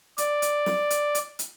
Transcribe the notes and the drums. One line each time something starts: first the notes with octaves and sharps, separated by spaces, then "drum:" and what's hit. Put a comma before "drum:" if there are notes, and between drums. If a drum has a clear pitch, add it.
D5, drum: hi-hat
drum: hi-hat
drum: snare
drum: hi-hat
drum: hi-hat
drum: hi-hat